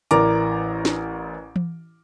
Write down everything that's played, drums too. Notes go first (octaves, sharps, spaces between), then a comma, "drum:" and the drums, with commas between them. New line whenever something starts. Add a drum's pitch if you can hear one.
A1 E3 A#4 D5 A#5 D6, drum: hi-hat
drum: snare
drum: tom E3